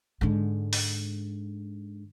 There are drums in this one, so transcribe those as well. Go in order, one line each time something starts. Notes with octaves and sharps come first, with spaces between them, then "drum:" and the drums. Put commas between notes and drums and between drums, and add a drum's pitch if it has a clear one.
G#2 D3
drum: open hi-hat